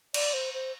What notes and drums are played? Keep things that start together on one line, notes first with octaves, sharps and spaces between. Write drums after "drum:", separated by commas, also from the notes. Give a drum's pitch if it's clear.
D5, drum: cymbal
C5
C5